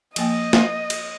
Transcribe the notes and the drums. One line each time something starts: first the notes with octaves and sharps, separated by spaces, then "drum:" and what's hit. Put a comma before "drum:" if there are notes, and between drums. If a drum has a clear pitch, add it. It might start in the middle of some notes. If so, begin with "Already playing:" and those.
F3 A#3 D#5 G5, drum: cymbal
drum: snare
drum: cymbal